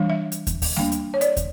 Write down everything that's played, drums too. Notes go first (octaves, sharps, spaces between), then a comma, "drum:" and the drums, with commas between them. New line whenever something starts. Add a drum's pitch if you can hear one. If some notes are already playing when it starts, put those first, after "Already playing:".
Already playing: E3 G3 D4
E5
drum: hi-hat
drum: kick, hi-hat
drum: kick, open hi-hat
G3 A#3 D4, drum: snare A3
drum: hi-hat
C#5
D5, drum: hi-hat
drum: kick, hi-hat